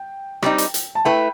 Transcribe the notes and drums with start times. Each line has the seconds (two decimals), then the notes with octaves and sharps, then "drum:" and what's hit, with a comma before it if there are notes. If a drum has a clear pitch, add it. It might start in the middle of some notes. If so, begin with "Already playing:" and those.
Already playing: G5
0.42 G3 C4 D#4, drum: rim click
0.58 drum: hi-hat
0.74 drum: hi-hat
0.95 A5
1.05 A3 E4 B4 G5